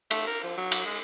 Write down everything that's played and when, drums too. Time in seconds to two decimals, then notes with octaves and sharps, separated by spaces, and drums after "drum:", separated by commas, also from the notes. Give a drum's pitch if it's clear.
0.11 A3, drum: cymbal
0.27 A#4
0.43 F3
0.58 F#3
0.72 drum: cymbal
0.86 G#3